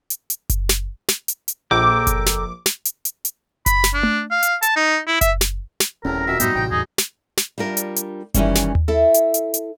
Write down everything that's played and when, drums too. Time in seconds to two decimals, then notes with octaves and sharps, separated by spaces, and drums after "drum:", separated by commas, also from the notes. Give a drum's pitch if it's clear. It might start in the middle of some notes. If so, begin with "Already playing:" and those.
0.10 drum: hi-hat
0.30 drum: hi-hat
0.49 drum: kick F#1, hi-hat
0.69 drum: snare
1.08 drum: snare
1.28 drum: hi-hat
1.48 drum: hi-hat
1.71 A#1 A4 A#4 G5 D6
2.07 drum: kick F#1, hi-hat
2.26 drum: snare
2.66 drum: snare
2.85 drum: hi-hat
3.05 drum: hi-hat
3.25 drum: hi-hat
3.66 B5, drum: kick F#1, hi-hat
3.84 drum: snare
3.94 D4
4.03 drum: tom A3
4.31 F5
4.43 drum: hi-hat
4.63 A5, drum: hi-hat
4.76 D#4
5.07 E4
5.21 E5, drum: kick F#1, hi-hat
5.41 drum: snare
5.80 drum: snare
6.05 D#1 E2 A2 C3 C#4 A#4 A#5
6.27 F2 B2 D#3 E5
6.40 F#2 A2 G3 B3 D#4 F#4 C5, drum: hi-hat
6.55 A1 A2 C3 G5
6.71 E2 A2 D#4 G#4
6.98 drum: snare
7.37 drum: snare
7.58 G3 D4 F4 A#4
7.77 drum: hi-hat
7.96 drum: hi-hat
8.34 D#3 E3 G3 G#3 C4 C#4, drum: kick F#1, hi-hat
8.55 drum: snare
8.75 drum: tom D#2
8.88 E4 A4
9.14 drum: hi-hat
9.34 drum: hi-hat
9.54 drum: hi-hat